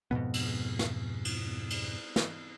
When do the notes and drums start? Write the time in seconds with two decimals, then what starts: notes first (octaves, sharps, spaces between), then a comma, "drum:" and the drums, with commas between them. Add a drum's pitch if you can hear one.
0.11 F2 G#2 B2 B3
0.34 drum: cymbal
0.79 drum: snare
1.25 drum: cymbal
1.70 drum: cymbal
2.16 drum: snare